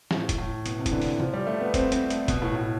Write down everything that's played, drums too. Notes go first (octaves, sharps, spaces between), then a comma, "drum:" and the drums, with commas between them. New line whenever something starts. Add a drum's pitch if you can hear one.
A2, drum: snare
drum: kick E1, hi-hat
A2
B2, drum: hi-hat
C3
E3, drum: kick E1, hi-hat
D3
drum: open hi-hat
F3, drum: tom
G3
A3
B3
C4, drum: kick E1, hi-hat
C4, drum: hi-hat
A3, drum: hi-hat
B2, drum: kick E1, hi-hat
A2
A2